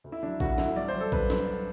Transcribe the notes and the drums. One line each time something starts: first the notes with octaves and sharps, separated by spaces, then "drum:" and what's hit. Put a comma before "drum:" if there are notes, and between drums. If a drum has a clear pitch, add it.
D2
E4
D3 F#3 D4
D2 F#4, drum: kick A#1
F#4
D3 F#3 E4, drum: snare
G2 D5
C5
F#3
A4
G2 B4, drum: kick A#1
F#3, drum: snare